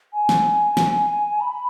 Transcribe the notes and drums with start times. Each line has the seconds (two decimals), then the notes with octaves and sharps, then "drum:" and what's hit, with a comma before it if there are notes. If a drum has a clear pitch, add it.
0.13 G#5
0.29 drum: snare
0.77 drum: snare
1.41 B5